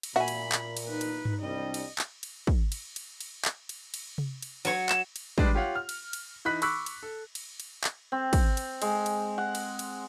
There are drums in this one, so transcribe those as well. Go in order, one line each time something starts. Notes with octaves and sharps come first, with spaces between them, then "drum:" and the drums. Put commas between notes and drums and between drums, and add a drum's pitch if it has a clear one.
drum: cymbal
A#2 F#4 E5 G#5 B5
drum: cymbal
drum: clap
drum: cymbal
D#4 B4
drum: cymbal
drum: tom G2
C2 G3 D4 D#5
drum: cymbal
drum: clap
drum: cymbal
drum: kick
drum: cymbal
drum: cymbal
drum: cymbal
drum: clap
drum: cymbal
drum: cymbal
drum: tom C3
drum: cymbal
F#3 C#5, drum: cymbal
E7, drum: clap
drum: cymbal
G3 G#3 D4 B4, drum: kick
F4 G4 C#5 F5 F#5
F6
drum: cymbal
drum: cymbal
E3 D#4 B5 F#6 B6
B5 C#6 D6 E6 F#6 B6, drum: cymbal
drum: cymbal
A4
drum: cymbal
drum: cymbal
drum: clap
C4
drum: kick, cymbal
drum: cymbal
G#3, drum: cymbal
drum: cymbal
F#5
drum: cymbal
drum: cymbal